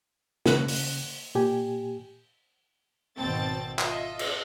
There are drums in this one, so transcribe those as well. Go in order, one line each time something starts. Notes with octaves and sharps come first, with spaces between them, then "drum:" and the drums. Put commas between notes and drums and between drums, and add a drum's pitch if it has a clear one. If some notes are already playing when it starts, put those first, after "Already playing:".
C#3 F#6, drum: snare
drum: open hi-hat
A#2 G4 G#5
G#1 B2 C4 G5 A5 A6
F4 A4 D#5 E5, drum: clap
drum: cymbal